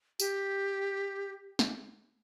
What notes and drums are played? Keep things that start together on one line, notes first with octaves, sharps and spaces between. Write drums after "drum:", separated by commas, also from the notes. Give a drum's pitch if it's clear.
G4, drum: tambourine
drum: snare